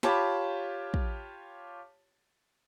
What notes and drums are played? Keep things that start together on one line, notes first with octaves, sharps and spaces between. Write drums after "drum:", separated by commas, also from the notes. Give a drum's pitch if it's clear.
F4 G4 C#5 A5 B5 D6, drum: snare
drum: kick